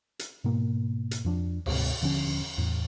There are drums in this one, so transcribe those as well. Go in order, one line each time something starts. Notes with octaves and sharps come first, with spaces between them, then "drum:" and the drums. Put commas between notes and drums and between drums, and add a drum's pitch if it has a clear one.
drum: hi-hat
G#2 B2 A#3
drum: hi-hat
F2 F3 D4
D1 D2 G#2 C3, drum: cymbal
D#1 D3 F3 C#4
E2 A2